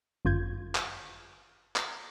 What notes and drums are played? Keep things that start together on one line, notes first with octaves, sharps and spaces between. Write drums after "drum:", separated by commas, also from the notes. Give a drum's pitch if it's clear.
G1 F#2 F4 G6 G#6
drum: clap
drum: clap